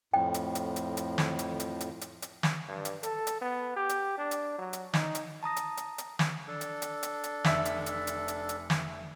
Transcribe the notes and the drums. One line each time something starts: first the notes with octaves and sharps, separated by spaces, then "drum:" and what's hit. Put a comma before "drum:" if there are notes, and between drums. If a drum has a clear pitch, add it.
F2 A2 G5
drum: hi-hat
drum: hi-hat
drum: hi-hat
drum: hi-hat
drum: snare
drum: hi-hat
drum: hi-hat
drum: hi-hat
drum: hi-hat
drum: hi-hat
drum: snare
G2
drum: hi-hat
A4, drum: hi-hat
drum: hi-hat
B3
G4
drum: hi-hat
D4
drum: hi-hat
F#3
drum: hi-hat
D#4, drum: snare
drum: hi-hat
A5 A#5 D#6 A#6
drum: hi-hat
drum: hi-hat
drum: hi-hat
drum: snare
D4 A4
drum: hi-hat
drum: hi-hat
drum: hi-hat
drum: hi-hat
F1 E5, drum: snare
drum: hi-hat
drum: hi-hat
drum: hi-hat
drum: hi-hat
drum: hi-hat
drum: snare